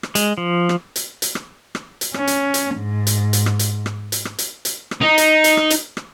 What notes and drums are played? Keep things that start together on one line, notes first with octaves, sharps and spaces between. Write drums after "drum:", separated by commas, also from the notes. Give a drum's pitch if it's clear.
drum: rim click
G#3, drum: hi-hat
F3
drum: rim click
drum: hi-hat
drum: hi-hat
drum: rim click
drum: rim click
drum: hi-hat
C#4, drum: rim click
drum: hi-hat
drum: hi-hat
G#2
drum: hi-hat
drum: hi-hat
drum: rim click
drum: hi-hat
drum: rim click
drum: hi-hat
drum: rim click
drum: hi-hat
drum: hi-hat
drum: rim click
D#4
drum: hi-hat
drum: hi-hat
drum: rim click
drum: hi-hat
drum: rim click